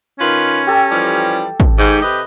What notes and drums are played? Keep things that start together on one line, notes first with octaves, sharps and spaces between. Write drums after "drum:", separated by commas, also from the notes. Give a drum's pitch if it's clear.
D#3 C#4 F4 B4
G4 A4 A5
E3 F3 G3
drum: kick
G#2 G4
C3 B4 D#5